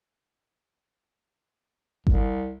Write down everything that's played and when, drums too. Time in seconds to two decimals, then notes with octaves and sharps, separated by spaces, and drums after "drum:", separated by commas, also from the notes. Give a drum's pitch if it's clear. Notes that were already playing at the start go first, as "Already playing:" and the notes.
2.07 C2, drum: kick G#1